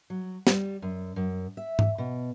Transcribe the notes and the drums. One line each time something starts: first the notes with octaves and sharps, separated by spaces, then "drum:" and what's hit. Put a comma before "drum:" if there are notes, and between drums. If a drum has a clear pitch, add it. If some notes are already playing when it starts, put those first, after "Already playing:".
F#3
G3, drum: snare
F#2
F#2
E5
drum: tom G#2
B2